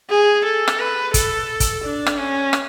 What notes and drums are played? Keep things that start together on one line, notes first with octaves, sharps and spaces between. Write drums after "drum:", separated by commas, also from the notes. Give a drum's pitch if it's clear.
G#4
A4
drum: rim click
B4
A4, drum: kick, hi-hat
drum: kick, hi-hat
D4
drum: rim click
C#4
drum: rim click